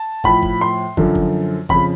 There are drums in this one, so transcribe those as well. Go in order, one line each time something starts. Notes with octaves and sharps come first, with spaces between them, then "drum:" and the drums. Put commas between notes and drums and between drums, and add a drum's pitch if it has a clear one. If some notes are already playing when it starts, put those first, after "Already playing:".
Already playing: A5
A2 F3 B5, drum: kick
drum: kick
C6
F#2 D3 F3, drum: kick
drum: kick
F2 C#3 F3 B5, drum: kick